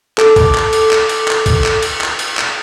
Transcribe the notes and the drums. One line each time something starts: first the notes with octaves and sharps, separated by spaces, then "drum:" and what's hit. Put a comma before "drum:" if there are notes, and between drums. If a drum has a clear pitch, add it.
A4 D6, drum: clap
drum: kick B1, cymbal
drum: clap
drum: cymbal
drum: clap
drum: cymbal
drum: clap
drum: kick B1, cymbal
drum: clap
drum: cymbal
drum: clap
drum: cymbal
drum: clap